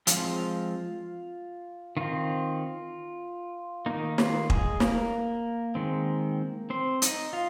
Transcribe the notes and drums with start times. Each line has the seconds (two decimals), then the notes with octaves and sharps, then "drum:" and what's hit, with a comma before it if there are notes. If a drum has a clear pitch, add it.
0.07 F3 G#3 C4 F4 F5, drum: hi-hat
1.97 D#3 C4 F4
3.86 D#3 A#3 D#4
4.18 F4, drum: snare
4.50 G#3 G#4, drum: kick
4.80 A#3 A#4, drum: snare
5.75 D#3 G#3 C4
6.70 C4 C5
7.02 D#4 D#5, drum: hi-hat
7.33 F4 F5